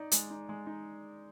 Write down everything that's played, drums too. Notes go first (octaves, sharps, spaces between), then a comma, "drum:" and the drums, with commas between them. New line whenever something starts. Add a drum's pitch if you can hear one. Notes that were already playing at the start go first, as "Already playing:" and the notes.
Already playing: D#4 D5
G#3, drum: hi-hat
D#4
G#3
D#4